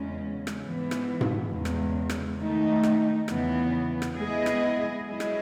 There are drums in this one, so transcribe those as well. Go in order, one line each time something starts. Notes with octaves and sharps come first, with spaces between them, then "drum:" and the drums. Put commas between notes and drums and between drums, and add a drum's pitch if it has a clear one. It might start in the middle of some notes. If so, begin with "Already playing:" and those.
Already playing: E2 C#3 G#3 C#4
drum: rim click
G#2 E3 B3
drum: rim click
drum: tom G#2
E2 C#3 G#3
drum: rim click
drum: rim click
D#3 A3 D#4
drum: rim click
E2 C#3 E3 B3, drum: rim click
drum: rim click
G#3 B3 E4 G#4 D#5
drum: rim click
F#3 C#4 E4 G#4 D#5
drum: rim click